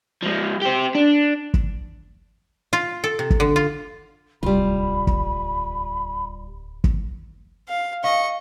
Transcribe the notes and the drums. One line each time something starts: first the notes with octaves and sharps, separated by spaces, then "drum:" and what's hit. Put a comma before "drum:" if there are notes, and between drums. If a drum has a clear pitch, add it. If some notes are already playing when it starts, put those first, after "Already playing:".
F3 G#3
C4 G4
D4
drum: kick
F4
A4
C3
drum: kick
D3
F4
D1 C2 G3 F4 B5
drum: kick
drum: kick
F5
D#5 F5 C#6